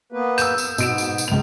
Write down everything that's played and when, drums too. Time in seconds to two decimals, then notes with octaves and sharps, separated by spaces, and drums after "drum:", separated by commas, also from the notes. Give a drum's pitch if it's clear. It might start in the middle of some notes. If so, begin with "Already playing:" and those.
0.12 A#3 B3 B4
0.38 E6 G6 E7, drum: tambourine
0.58 drum: tambourine
0.78 G#2 B2 B3 D7 E7, drum: tambourine
0.98 drum: tambourine
1.18 drum: tambourine
1.28 C#2 F7